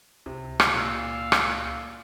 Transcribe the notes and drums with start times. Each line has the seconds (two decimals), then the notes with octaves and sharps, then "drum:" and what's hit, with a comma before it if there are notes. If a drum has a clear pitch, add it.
0.26 C#2 C3
0.60 drum: rim click
0.74 A#2 F5 E6
1.32 drum: rim click